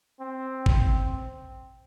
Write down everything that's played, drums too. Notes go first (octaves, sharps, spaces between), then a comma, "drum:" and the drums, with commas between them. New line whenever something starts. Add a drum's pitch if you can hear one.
C4
C4, drum: kick G#1